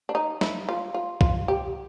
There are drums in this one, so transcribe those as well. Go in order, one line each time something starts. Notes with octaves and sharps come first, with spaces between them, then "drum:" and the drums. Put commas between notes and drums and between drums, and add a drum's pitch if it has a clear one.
D4
D#4
E4, drum: snare
F4
F4
F4, drum: kick B1
G4